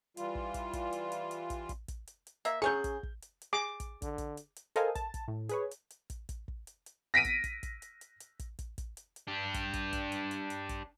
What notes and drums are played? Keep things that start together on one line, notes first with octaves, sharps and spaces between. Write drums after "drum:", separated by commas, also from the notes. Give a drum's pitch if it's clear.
E3 G3 F4, drum: hi-hat
drum: kick
drum: kick, hi-hat
drum: kick, hi-hat
drum: hi-hat
drum: hi-hat
drum: hi-hat
drum: kick, hi-hat
drum: kick, hi-hat
drum: kick, hi-hat
drum: hi-hat
drum: hi-hat
A#3 E5, drum: hi-hat
F#3 C#4 G#4 C#6 G6
drum: kick, hi-hat
drum: kick
drum: hi-hat
drum: hi-hat
G#4 D6
drum: kick, hi-hat
D3, drum: kick, hi-hat
drum: kick, hi-hat
drum: hi-hat
drum: hi-hat
A4 A#4 C5 D#5 F5 G#5, drum: hi-hat
A5, drum: kick, hi-hat
drum: kick, hi-hat
A2
G#4 B4 C#5, drum: hi-hat
drum: hi-hat
drum: hi-hat
drum: kick, hi-hat
drum: kick, hi-hat
drum: kick
drum: hi-hat
drum: hi-hat
A#6 B6 D7 D#7
drum: kick, hi-hat
drum: kick, hi-hat
drum: kick, hi-hat
drum: hi-hat
drum: hi-hat
drum: hi-hat
drum: kick, hi-hat
drum: kick, hi-hat
drum: kick, hi-hat
drum: hi-hat
drum: hi-hat
D4 G4
drum: kick, hi-hat
drum: kick, hi-hat
drum: kick, hi-hat
drum: hi-hat
drum: hi-hat
drum: hi-hat
drum: kick, hi-hat